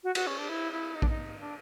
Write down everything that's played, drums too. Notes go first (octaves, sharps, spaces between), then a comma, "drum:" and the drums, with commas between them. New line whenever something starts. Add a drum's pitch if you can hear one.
F#4
F#4, drum: cymbal
C#4
D4
E4
E4
D#4
D4, drum: kick A#1
D#4
D4